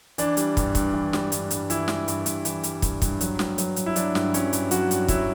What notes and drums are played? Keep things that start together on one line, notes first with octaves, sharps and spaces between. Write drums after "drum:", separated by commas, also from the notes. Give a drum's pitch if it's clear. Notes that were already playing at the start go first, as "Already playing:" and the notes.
E3 D4, drum: hi-hat
G3, drum: hi-hat
G2, drum: kick, hi-hat
G2, drum: kick, hi-hat
E3
G3, drum: snare
G2, drum: hi-hat
G2, drum: hi-hat
E3 E4, drum: hi-hat
G3, drum: snare
G2, drum: hi-hat
G2, drum: hi-hat
E3, drum: hi-hat
G3, drum: hi-hat
G2, drum: kick, hi-hat
G2, drum: kick, hi-hat
F#3, drum: hi-hat
G2, drum: snare
F#3, drum: hi-hat
G2, drum: hi-hat
E4
F#3 D4, drum: hi-hat
G2, drum: snare
F#3 C#4, drum: hi-hat
G2, drum: hi-hat
F#3 F#4, drum: hi-hat
G2, drum: hi-hat
F#3 E4, drum: kick, hi-hat